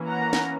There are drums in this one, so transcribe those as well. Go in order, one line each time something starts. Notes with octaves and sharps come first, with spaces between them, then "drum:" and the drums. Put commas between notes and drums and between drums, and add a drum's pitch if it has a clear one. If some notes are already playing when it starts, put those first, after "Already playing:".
Already playing: E3 A#3 C#4
F#5 A#5
drum: snare